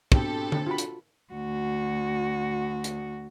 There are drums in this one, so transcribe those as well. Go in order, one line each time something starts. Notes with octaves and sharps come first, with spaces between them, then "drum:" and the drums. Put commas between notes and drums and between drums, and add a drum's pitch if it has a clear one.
B2 C4 D4 G4 A4, drum: kick
drum: tom D3
F4 F#4 B5
drum: hi-hat
D2 F#4
drum: hi-hat